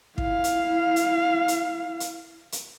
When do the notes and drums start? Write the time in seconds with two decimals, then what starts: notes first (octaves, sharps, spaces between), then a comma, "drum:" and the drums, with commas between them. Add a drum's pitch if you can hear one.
0.18 E4 F5, drum: kick
0.44 drum: hi-hat
0.96 drum: hi-hat
1.48 drum: hi-hat
2.00 drum: hi-hat
2.52 drum: hi-hat